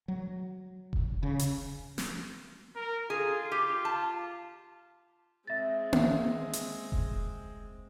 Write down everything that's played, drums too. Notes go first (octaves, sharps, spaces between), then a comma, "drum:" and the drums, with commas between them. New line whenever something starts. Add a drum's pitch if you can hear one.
F#3
drum: kick E1
C#3
drum: hi-hat
drum: snare
A#4
F4 G#4
G4
A5
G#3 C4 E5 A6
drum: tom A#3
drum: hi-hat
drum: kick E1